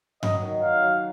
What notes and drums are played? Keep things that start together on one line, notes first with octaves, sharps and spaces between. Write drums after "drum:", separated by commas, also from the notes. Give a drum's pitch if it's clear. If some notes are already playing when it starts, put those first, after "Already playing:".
F#3 D#5, drum: tom G2
D#3
F#3 F5
F#3